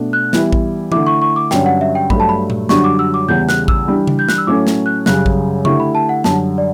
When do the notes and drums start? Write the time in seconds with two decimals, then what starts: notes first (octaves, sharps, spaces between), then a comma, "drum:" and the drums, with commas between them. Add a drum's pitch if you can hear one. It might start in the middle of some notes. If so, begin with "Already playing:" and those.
Already playing: B2 A3 D4
0.13 F#6
0.33 E3 G3 B3 E4, drum: snare
0.53 drum: kick A1
0.92 D3 A3 E4 D6, drum: tom E3
1.07 C#6
1.22 C#6
1.36 D6
1.51 G2 D3 F#3 C#4 G5, drum: snare
1.66 F#5
1.81 E5
1.95 G5
2.10 G2 F#3 A3 B5, drum: kick A1
2.20 A5
2.29 B5
2.50 drum: tom A#2
2.69 F#2 D3 G3 D4 F#4 C#6, drum: snare
2.84 D6
2.99 E6
3.14 D6
3.29 E2 C#3 E3 G3 G6
3.49 F#6, drum: snare
3.68 E6, drum: kick A1
3.88 E3 G3 D4 G4
4.07 drum: tom C#3
4.19 G6
4.29 F#6, drum: snare
4.38 E6
4.47 A2 F#3 A3 C#4 D6
4.67 drum: snare
4.86 F#6
5.06 F#2 C#3 G3 F#6, drum: snare
5.26 drum: kick A1
5.65 D3 A3 E4 G4 C#6, drum: tom C#3
5.80 B5
5.95 A5
6.09 F#5
6.24 F#2 D3 G3 A5, drum: snare
6.58 D5